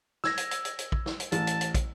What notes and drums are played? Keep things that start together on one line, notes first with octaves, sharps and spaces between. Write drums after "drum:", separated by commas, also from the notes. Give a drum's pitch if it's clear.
E6 G#6 A#6, drum: snare
drum: hi-hat
drum: hi-hat
drum: hi-hat
drum: hi-hat
drum: kick
drum: snare
drum: hi-hat
A1 A5, drum: hi-hat
drum: hi-hat
drum: hi-hat
drum: kick, hi-hat